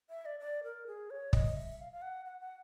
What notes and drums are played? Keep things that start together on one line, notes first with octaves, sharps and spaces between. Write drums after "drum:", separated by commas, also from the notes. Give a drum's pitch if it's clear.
E5
D5
D5
A#4
G#4
C#5
D#5, drum: kick
E5
F5
F5
F#5
F#5
F#5